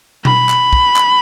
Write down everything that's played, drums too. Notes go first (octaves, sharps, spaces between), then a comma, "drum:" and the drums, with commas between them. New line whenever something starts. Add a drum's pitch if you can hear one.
B5, drum: tom B2
drum: clap
drum: kick
drum: clap